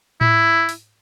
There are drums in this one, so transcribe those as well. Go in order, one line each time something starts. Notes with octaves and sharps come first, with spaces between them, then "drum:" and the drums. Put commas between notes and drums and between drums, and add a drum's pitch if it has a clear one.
E4, drum: tom A2
drum: open hi-hat